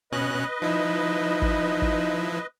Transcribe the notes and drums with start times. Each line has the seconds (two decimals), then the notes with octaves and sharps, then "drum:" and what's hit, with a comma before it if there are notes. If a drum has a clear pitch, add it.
0.12 B2 C#4 B4 D#5 F#6
0.62 F3 D#4 E4
1.42 drum: kick
1.82 drum: kick